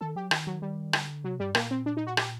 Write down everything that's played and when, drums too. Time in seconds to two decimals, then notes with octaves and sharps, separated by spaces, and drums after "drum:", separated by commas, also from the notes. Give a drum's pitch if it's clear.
0.01 D#3 A4
0.16 F#3 G4
0.31 D#3, drum: rim click
0.47 F#3
0.62 G3
0.93 D3, drum: rim click
1.24 C3 F#3
1.40 G2 G3
1.55 A#2 A#3, drum: rim click
1.71 C4
1.86 D4
1.97 D#4
2.07 F#4
2.17 G4, drum: rim click